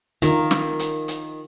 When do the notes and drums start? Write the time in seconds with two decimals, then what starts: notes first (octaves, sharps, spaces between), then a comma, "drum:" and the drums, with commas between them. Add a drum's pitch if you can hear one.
0.22 D#3 F4 A#4, drum: hi-hat
0.51 drum: snare
0.79 drum: hi-hat
1.08 drum: hi-hat